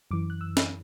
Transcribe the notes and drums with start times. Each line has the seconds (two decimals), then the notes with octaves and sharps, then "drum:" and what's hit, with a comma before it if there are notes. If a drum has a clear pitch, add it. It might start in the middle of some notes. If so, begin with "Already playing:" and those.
0.11 F#2 E3 D6
0.30 F#6
0.41 E6
0.57 drum: snare